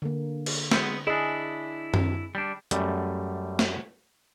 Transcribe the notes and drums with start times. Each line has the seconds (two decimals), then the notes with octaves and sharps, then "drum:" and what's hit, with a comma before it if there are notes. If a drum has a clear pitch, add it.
0.02 D3 A#3
0.46 drum: cymbal
0.71 G#3 B3 C4, drum: snare
1.07 D4 E4 G#4 D#5
1.94 drum: tom F#2
2.35 G3 D4
2.71 F#2 G3 A3, drum: hi-hat
3.59 drum: snare